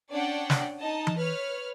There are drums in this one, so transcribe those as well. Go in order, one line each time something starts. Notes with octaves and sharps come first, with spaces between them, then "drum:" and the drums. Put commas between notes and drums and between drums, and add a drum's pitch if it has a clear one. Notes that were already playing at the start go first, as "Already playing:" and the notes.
C#4 D4 D5 F#5 G5
drum: snare
D#4 D#5 A5
drum: tom E3
B4 C#5 F6